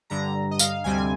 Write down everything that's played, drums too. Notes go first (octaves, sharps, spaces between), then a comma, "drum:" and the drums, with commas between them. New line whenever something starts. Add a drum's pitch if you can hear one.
G2 D3 G3 A#5
D#5
F5, drum: tambourine
D2 C3 G3 C4 G#5